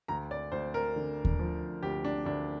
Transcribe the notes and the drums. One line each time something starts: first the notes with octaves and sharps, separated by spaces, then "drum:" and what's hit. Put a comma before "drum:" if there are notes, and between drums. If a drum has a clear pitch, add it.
D2 A#5
D5
D2 C5
A#4
D3
drum: kick D#2
F3
D2 G4
D4
D2 D4